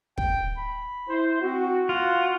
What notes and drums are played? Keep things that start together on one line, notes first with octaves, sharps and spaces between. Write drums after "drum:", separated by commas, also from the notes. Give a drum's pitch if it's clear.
G5, drum: kick
B5
E4 C5
C4 F#4
F4 F#5